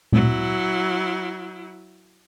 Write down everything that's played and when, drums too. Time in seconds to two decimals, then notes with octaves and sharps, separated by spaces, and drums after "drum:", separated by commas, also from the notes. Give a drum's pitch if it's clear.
0.12 F#3 E4, drum: tom A#2